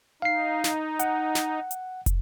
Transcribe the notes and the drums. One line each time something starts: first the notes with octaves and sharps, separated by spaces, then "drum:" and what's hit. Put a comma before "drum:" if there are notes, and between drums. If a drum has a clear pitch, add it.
D#4 F5 C7
drum: snare
F#5, drum: hi-hat
drum: snare
drum: hi-hat
drum: kick, hi-hat